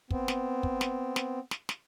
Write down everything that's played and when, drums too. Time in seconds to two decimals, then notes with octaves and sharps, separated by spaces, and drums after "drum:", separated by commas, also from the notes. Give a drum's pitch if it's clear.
0.11 B3 C4, drum: kick
0.28 drum: snare
0.63 drum: kick
0.81 drum: snare
1.16 drum: snare
1.51 drum: snare
1.69 drum: snare